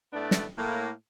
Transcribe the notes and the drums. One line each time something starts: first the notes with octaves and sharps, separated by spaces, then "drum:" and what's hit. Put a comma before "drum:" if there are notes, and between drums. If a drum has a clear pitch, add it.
A2 A3 B3 D4 D5
drum: snare
A2 A#3